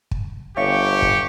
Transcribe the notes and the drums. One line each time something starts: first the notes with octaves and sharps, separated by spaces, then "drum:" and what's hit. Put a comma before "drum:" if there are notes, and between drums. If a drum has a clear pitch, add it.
drum: kick
G1 G4 C#5 E5 F5 C#6
drum: kick